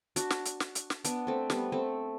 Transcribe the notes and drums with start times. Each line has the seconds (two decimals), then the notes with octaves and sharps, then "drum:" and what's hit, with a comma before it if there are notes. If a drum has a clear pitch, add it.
0.16 D4 F#4, drum: hi-hat
0.30 drum: snare
0.45 drum: hi-hat
0.60 drum: snare
0.75 drum: hi-hat
0.90 drum: snare
1.04 B3 D4, drum: hi-hat
1.27 A3 C4
1.50 G3 B3, drum: snare
1.72 A3 C4